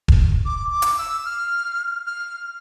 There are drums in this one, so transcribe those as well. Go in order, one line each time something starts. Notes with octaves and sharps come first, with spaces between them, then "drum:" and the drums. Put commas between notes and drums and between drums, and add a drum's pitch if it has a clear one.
drum: kick E1
D6
D6
drum: hi-hat
E6
F6
F6